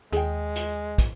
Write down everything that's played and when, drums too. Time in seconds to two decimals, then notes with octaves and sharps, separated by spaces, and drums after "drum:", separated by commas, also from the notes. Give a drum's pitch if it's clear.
0.13 D#2 G#3 G#4 G5, drum: hi-hat
0.55 drum: hi-hat
0.98 drum: kick, hi-hat